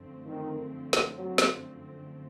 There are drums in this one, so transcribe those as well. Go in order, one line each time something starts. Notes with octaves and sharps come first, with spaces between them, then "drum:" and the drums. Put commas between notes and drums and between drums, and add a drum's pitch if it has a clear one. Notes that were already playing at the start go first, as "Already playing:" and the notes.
Already playing: F#2 D3 F3 A3 C4
D#3
drum: snare
F#3
drum: snare